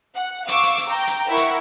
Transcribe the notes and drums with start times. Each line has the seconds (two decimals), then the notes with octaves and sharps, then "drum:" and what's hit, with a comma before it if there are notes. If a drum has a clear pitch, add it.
0.16 F#5
0.48 F5 C#6 D6 E6, drum: hi-hat
0.63 drum: hi-hat
0.78 drum: hi-hat
0.87 G5 A#5
1.07 drum: hi-hat
1.27 E4 A#4 E5 F#5 C#6
1.37 drum: hi-hat